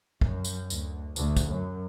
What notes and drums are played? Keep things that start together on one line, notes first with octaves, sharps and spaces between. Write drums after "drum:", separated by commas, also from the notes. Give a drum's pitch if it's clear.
F#2, drum: kick
drum: tambourine
D2, drum: tambourine
D2, drum: tambourine
drum: kick, tambourine
F#2